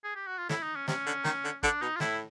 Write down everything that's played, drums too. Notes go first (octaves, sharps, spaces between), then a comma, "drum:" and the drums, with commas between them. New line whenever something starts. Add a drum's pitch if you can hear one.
G#4
G4
F#4
F4
A2 E4, drum: snare
D#4
C#4
C3 C#4, drum: snare
D3
D#3, drum: snare
D3
D3 D4, drum: kick
B2 D#4
F4
A2 E4, drum: snare